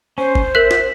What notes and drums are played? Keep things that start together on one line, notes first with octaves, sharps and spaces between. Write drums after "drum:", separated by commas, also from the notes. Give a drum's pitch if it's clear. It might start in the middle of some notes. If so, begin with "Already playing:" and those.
C#4 C5
drum: kick G1
A#4 E5 F#6
drum: snare